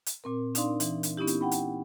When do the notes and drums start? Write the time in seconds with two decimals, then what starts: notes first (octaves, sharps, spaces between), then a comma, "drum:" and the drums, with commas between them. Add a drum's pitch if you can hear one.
0.06 drum: hi-hat
0.24 A#2 C4 A#4
0.55 D4 D#4 D5 F5 C6, drum: hi-hat
0.80 E3, drum: hi-hat
1.03 drum: hi-hat
1.17 B3 C#4 D#4 E4 G4
1.27 drum: hi-hat
1.41 F#5 G5 B5
1.51 drum: hi-hat